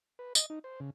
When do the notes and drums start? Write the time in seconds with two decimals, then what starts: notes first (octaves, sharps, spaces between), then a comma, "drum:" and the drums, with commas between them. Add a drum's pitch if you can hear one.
0.19 B4
0.35 D#5, drum: tambourine
0.50 D#4
0.64 C5
0.80 C#3